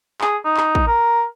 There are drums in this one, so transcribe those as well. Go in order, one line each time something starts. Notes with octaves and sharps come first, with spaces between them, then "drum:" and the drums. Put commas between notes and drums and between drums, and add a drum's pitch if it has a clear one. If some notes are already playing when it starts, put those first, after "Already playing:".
G#4, drum: clap
D#4
drum: clap
drum: kick
A#4